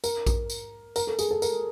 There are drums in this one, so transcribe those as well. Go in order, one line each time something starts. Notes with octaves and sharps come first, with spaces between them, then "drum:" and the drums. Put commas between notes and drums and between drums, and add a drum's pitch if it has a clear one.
A#4, drum: tambourine
drum: kick A#1, tambourine
drum: tambourine
A#4, drum: tambourine
A4
G#4, drum: tambourine
A4
A#4, drum: tambourine